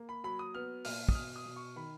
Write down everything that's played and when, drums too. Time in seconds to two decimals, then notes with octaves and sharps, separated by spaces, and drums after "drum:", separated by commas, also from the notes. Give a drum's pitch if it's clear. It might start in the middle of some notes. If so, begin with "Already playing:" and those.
Already playing: A#3
0.09 B5
0.24 F#3 B5
0.39 D#6
0.54 B3 F6
0.85 A#2 F6, drum: open hi-hat
1.09 D#6, drum: kick
1.15 B2 F6
1.36 D#6
1.46 B2
1.56 C#6
1.76 D#3 B5